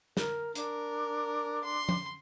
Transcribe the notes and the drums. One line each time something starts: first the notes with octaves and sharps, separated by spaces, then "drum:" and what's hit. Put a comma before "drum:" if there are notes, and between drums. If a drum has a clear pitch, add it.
A#4, drum: snare
D4 A#4, drum: hi-hat
C6
drum: tom F3